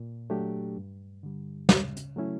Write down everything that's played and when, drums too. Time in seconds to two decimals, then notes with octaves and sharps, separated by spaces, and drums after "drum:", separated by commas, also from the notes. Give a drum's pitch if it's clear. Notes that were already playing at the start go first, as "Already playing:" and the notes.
Already playing: A#2
0.30 F#3 A3 D4 G4
0.77 G2
1.23 D3 G3
1.69 C#3, drum: snare
1.97 drum: hi-hat
2.16 F#3 A3 C#4 E4